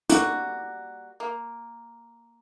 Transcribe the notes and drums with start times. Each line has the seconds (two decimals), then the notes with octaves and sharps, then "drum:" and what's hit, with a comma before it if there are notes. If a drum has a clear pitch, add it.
0.10 G3 A#3 F#4, drum: hi-hat
1.20 A#3